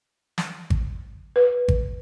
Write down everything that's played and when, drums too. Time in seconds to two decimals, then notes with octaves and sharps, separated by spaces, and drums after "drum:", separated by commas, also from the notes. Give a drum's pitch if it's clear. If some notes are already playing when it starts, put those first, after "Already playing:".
0.38 drum: snare
0.70 drum: kick G#1
1.36 B4
1.68 drum: kick G#1